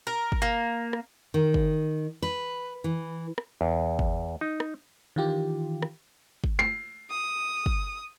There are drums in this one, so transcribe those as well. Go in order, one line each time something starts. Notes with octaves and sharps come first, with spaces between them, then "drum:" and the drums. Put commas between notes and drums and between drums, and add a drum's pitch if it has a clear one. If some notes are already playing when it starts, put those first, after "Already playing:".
A#4
drum: kick
A#3
drum: rim click
D#3
drum: kick
B4
E3
drum: rim click
E2
drum: kick
D#4
drum: rim click
D#3 E3 F4 G4
drum: rim click
drum: kick
C7
D#6
drum: kick